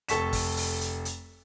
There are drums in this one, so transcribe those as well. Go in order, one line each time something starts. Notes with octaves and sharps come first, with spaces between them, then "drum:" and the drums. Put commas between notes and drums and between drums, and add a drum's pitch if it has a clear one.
F1 A4 A5 C#6 B6 E7, drum: hi-hat
drum: kick, open hi-hat
drum: open hi-hat
drum: hi-hat
drum: hi-hat